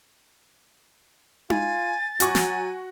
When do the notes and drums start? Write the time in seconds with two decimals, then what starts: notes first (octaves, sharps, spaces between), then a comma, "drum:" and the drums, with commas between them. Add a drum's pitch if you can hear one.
1.50 F4 G#5 A6, drum: tom D#4
2.20 F#3 F#4 G#5 C#6, drum: hi-hat
2.35 drum: snare